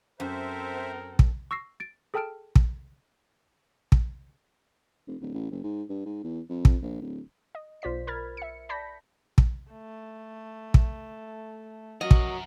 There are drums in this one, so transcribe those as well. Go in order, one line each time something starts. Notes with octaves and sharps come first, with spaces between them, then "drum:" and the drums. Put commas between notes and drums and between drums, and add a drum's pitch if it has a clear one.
F#2 C4 A4 A#4 C5 E5
drum: kick
C#6 E6 A#6 C7
A6 D7
G#4 A4 G5 A5 F6 D7
drum: kick
drum: kick
F1
D1
A1
F#1
G#2
G2
G#2
E2
F2
drum: kick
A#1
D1
D#5
B1 F4 C5 D5 B6
A#4 B5 F6 G#6 A6
E5 C#7
D5 A5 B5 G6 A#6 B6
drum: kick
A3
drum: kick
F#3 F#4 A#4 D#5
drum: kick